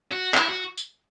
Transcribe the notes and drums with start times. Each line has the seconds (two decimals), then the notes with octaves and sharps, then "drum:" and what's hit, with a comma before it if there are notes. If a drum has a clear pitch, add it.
0.12 F#4
0.34 E4, drum: clap
0.49 F#4
0.77 drum: tambourine